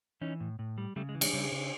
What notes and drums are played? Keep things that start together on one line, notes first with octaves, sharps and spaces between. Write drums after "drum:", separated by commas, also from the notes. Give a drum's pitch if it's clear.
E3 C#4 D#4
A2
A2
G3
C#3 G3 A3
G#3
E3
G#3, drum: cymbal
C#3 G3
C#3